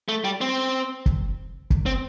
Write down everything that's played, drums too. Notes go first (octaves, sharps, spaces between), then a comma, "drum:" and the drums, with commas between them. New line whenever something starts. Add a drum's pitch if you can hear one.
A3
G3
C4
drum: kick
drum: kick
C4